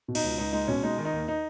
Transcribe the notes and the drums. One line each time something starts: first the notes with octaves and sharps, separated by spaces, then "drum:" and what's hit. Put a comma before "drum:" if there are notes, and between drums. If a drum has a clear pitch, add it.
B2
D#4, drum: cymbal
C#2
C#2 D#4
G#3 D#4
B2 C#4
G#3 D#4
D#3
D#4
D#2
D#4